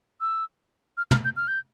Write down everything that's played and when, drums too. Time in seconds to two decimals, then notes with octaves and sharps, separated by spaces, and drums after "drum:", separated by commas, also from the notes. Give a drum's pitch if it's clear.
0.21 E6
0.97 F6
1.11 F6, drum: tom
1.25 G6
1.37 F6
1.48 G6